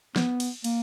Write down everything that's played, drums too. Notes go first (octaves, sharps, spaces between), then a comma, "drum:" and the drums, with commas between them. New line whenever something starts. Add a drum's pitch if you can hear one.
B3, drum: snare
drum: cymbal
A#3, drum: cymbal